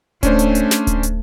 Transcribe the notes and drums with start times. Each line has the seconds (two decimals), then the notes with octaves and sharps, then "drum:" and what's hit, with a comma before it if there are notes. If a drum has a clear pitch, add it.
0.23 A3 C#4 D4 C5, drum: kick D1, hi-hat
0.39 drum: hi-hat
0.55 drum: hi-hat
0.71 drum: snare
0.87 drum: kick D1, hi-hat
1.03 drum: hi-hat